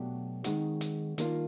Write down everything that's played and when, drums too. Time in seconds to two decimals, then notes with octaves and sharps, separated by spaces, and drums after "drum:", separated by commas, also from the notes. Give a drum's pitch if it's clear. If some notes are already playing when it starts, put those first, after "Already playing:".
Already playing: B2 F#3 A3 D4 G4
0.44 D#3 G#3 C4 D#4 F#4, drum: hi-hat
0.81 drum: hi-hat
1.18 D#3 G3 A#3 D4 F4, drum: hi-hat